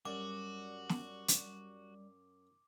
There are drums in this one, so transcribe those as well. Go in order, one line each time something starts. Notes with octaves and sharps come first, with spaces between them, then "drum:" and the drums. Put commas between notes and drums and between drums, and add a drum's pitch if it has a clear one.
F#2 G3 F#4 D5 D6
drum: snare
drum: hi-hat